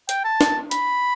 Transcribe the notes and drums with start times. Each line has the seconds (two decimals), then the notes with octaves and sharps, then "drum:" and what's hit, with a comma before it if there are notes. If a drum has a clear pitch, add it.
0.09 G5, drum: hi-hat
0.24 A5
0.41 drum: snare
0.71 B5, drum: hi-hat